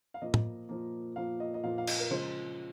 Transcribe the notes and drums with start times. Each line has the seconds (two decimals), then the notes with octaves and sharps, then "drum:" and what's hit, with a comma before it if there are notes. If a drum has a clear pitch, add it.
0.14 F5
0.22 A#2 F3 A#3 D#5
0.34 drum: tom
0.69 A#2 F3 A#3
1.16 A#2 F3 A#3 F5
1.40 D#5
1.54 D#5
1.63 A#2 F3 A#3 F5
1.78 F5
1.87 D#5, drum: cymbal
2.00 A#4
2.11 C#3 F3 G#3 C5